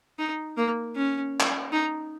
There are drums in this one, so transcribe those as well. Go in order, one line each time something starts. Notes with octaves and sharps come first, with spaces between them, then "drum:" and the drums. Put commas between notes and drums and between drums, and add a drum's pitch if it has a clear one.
D#4
A#3
C#4
drum: clap
D#4